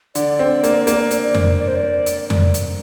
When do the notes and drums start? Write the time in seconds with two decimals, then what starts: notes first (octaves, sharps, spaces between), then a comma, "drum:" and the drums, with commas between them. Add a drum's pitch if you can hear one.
0.15 D3 D5, drum: hi-hat
0.39 C4
0.63 A#3, drum: hi-hat
0.87 A#3, drum: hi-hat
1.11 drum: hi-hat
1.34 drum: tom F2
1.59 D5
1.68 C5
1.76 D5
2.06 drum: hi-hat
2.30 drum: tom F2
2.54 drum: hi-hat